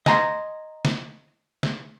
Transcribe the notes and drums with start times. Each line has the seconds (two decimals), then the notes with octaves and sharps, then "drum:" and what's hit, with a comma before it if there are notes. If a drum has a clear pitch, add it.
0.06 D#5 G#5 A#5 C6, drum: snare
0.85 drum: snare
1.63 drum: snare